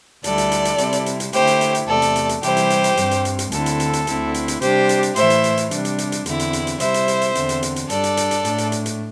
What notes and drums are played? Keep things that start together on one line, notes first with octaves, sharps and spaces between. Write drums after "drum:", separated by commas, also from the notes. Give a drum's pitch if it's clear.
D2 D3 G3 E4 A4 D5, drum: hi-hat
drum: hi-hat
drum: hi-hat
drum: hi-hat
C3 G3 C4 E4, drum: hi-hat
drum: hi-hat
drum: hi-hat
drum: hi-hat
D3 A3 E4 G4 C5, drum: hi-hat
drum: hi-hat
drum: hi-hat
drum: hi-hat
E2 C3 A3 A4 D5
drum: hi-hat
drum: hi-hat
drum: hi-hat
C3 E3 G3 E4 G4 C5, drum: hi-hat
drum: hi-hat
drum: hi-hat
drum: hi-hat
G2 G3 C4, drum: hi-hat
drum: hi-hat
drum: hi-hat
drum: hi-hat
D2 D3 C4 E4 A4, drum: hi-hat
drum: hi-hat
drum: hi-hat
drum: hi-hat
D2 D3 C4 E4, drum: hi-hat
drum: hi-hat
drum: hi-hat
C3 G3 D4 G4 C5, drum: hi-hat
drum: hi-hat
drum: hi-hat
A2 E3 A3 E4 C5 E5, drum: hi-hat
drum: hi-hat
drum: hi-hat
drum: hi-hat
C3 G3 D4, drum: hi-hat
drum: hi-hat
drum: hi-hat
drum: hi-hat
E2 D3 C4 E4, drum: hi-hat
drum: hi-hat
drum: hi-hat
drum: hi-hat
C3 G3 E4 C5 E5, drum: hi-hat
drum: hi-hat
drum: hi-hat
drum: hi-hat
E2 D3 C4, drum: hi-hat
drum: hi-hat
drum: hi-hat
drum: hi-hat
G2 G3 D4 A4 D5, drum: hi-hat
drum: hi-hat
drum: hi-hat
drum: hi-hat
A2 A3 D4, drum: hi-hat
drum: hi-hat
drum: hi-hat
drum: hi-hat